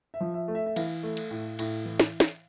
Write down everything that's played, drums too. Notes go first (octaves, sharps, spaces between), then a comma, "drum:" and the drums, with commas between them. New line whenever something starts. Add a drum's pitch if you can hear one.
E5
F3
E5
A3
E5
E5
E3 F5, drum: cymbal
A3
drum: cymbal
A2
A2, drum: cymbal
E3
drum: snare
drum: snare